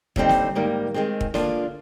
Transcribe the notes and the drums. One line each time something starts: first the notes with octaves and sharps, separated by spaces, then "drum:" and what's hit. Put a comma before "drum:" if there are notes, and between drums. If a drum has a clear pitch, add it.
D#2 D3 G3 C4 D#4, drum: kick
drum: snare
G#2 D#3 G3 A#3
D#3 G#3 C4
drum: kick
D3 F3 A#3 D4 F4, drum: snare